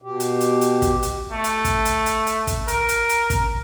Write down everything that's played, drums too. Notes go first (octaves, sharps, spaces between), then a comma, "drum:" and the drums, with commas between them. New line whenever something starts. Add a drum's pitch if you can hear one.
B2 G4
drum: hi-hat
drum: hi-hat
drum: hi-hat
drum: kick, hi-hat
drum: hi-hat
A3
drum: hi-hat
drum: kick, hi-hat
drum: hi-hat
drum: hi-hat
drum: hi-hat
drum: kick, hi-hat
A#4, drum: hi-hat
drum: hi-hat
drum: hi-hat
drum: kick, hi-hat